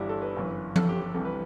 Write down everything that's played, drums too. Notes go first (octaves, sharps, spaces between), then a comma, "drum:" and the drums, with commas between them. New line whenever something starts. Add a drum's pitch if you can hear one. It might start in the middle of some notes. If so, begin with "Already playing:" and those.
Already playing: G1 G2 E3 D4 E4 G4
A4
B4
G1 F#2 E3
A4, drum: tom F3
G4
G4
C2 C3 E3 A4
B4